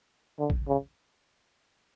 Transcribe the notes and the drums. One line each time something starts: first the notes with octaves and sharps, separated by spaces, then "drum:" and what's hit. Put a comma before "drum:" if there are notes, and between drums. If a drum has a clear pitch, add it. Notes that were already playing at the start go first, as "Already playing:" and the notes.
D3
drum: kick
C#3